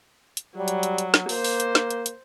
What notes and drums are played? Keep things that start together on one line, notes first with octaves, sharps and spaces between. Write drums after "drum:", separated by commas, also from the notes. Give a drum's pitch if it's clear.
drum: hi-hat
F#3 G3
drum: hi-hat
drum: hi-hat
drum: hi-hat
drum: snare
A#3 C5, drum: open hi-hat
drum: open hi-hat
drum: hi-hat
drum: snare
drum: hi-hat
drum: hi-hat